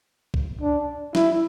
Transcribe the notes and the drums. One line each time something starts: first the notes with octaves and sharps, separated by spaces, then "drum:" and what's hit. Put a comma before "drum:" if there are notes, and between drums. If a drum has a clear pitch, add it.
drum: kick
D4
E4, drum: snare